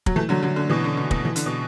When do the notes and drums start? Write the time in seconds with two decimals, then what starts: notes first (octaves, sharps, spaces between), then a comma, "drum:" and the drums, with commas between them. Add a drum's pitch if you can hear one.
0.06 F#3, drum: kick
0.16 E3 A3
0.29 D3 F#3
0.43 D3 F#3
0.56 D3
0.70 B2 E3
0.84 D3
0.97 D3
1.11 B2, drum: kick
1.25 E3
1.36 D3, drum: hi-hat
1.46 B2